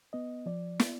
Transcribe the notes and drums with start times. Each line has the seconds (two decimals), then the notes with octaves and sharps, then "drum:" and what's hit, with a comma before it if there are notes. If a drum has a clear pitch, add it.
0.13 B3 D#5
0.46 F3 D5
0.80 B3, drum: snare